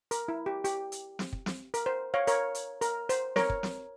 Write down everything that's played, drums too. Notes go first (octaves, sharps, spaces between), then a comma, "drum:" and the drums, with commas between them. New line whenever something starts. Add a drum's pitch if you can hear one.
A#4, drum: hi-hat
E4
G4
G4, drum: hi-hat
drum: hi-hat
drum: snare
drum: kick
drum: snare
A#4, drum: hi-hat
C5
C#5 F5
A#4 C#5, drum: hi-hat
drum: hi-hat
A#4, drum: hi-hat
C5, drum: hi-hat
A#4 C#5, drum: snare
drum: kick
drum: snare